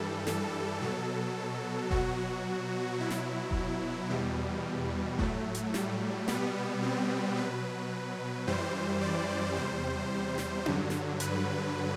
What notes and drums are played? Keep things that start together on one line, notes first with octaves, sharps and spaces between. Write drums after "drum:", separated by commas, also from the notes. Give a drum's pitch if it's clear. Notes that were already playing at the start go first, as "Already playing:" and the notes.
Already playing: G2 E3 G3 A4
A4, drum: snare
B2 F#3 A4
B2 F#3 F#4, drum: kick F1
B2 F#3 E4
drum: snare
drum: kick F1
E2 B2 G3
A2 F#3 A3, drum: kick F1
drum: hi-hat
G3, drum: snare
B2 G3 B3, drum: snare
C4
B2 F#3 B4
F#2 E3 G3 C5
D5
E2 C3 G3 C5
drum: snare
G2 D3 F#3, drum: tom C#4
drum: snare
B4, drum: hi-hat